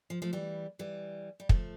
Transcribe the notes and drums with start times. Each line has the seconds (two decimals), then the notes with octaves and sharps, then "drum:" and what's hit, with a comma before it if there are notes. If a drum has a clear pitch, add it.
0.10 F3
0.22 F3 A3
0.33 E3 G3
0.79 E3 G3
1.40 G3
1.49 F3 A3, drum: kick